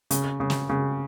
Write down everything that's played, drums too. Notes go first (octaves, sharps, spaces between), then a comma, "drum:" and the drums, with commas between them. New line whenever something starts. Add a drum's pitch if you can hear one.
C#3, drum: hi-hat
C#3
drum: snare
C#3